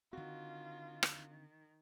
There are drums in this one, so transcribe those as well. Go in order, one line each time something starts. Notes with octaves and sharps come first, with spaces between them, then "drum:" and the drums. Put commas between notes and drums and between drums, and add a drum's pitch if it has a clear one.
D3 D#3 C4 F4 F#4
drum: rim click